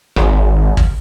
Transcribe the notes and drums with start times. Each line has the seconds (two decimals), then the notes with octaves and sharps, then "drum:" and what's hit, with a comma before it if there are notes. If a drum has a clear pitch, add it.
0.16 G#1, drum: rim click
0.77 drum: kick G#1